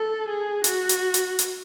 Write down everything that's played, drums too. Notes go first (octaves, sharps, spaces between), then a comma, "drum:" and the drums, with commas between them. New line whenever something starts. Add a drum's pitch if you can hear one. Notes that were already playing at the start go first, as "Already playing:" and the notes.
Already playing: A4
G#4
F#4, drum: hi-hat
drum: hi-hat
drum: hi-hat
drum: hi-hat